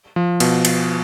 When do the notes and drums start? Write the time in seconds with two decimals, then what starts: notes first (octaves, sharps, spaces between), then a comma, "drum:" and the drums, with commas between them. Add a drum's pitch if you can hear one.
0.16 F3
0.40 B2, drum: cymbal
0.65 drum: cymbal